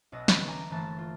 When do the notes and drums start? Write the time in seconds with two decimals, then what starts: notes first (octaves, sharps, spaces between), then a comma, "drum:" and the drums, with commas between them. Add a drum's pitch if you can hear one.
0.12 B1 B2 B3 D#5 E6 A#6
0.28 D3 E3 C#4 D4, drum: snare
0.47 G#5 A#5 D6
0.70 G1 E3 A3 A#3 A5
0.98 F4